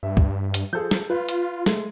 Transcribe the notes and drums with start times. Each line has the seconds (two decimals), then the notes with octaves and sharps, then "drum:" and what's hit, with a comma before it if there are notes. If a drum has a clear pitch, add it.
0.03 G2 E5
0.17 drum: kick
0.54 drum: hi-hat
0.73 F3 G#4 A4 G6
0.91 drum: snare
1.10 F4 B4
1.29 drum: hi-hat
1.66 G#3 A3, drum: snare